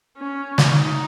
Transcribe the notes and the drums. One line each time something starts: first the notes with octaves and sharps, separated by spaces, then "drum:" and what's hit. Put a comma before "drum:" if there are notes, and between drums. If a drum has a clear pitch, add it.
C#4
drum: snare
D#4